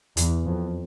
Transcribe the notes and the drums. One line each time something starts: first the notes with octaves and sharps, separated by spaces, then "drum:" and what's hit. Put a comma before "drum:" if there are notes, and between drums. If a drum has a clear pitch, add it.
E2, drum: hi-hat
F2